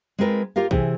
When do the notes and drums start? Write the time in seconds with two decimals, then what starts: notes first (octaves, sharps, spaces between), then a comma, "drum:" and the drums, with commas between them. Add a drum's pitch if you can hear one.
0.19 G#3 C4 F4 A#4 B4
0.56 F4 G4 A#4 F5
0.71 C3 E3 G#4, drum: kick B1